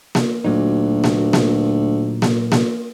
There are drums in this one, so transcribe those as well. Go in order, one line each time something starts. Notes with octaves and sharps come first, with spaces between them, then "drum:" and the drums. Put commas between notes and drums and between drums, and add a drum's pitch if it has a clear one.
drum: snare A#3
D2 A#2 F#3 D#4
drum: snare A#3
drum: snare A#3
drum: snare A#3
drum: snare A#3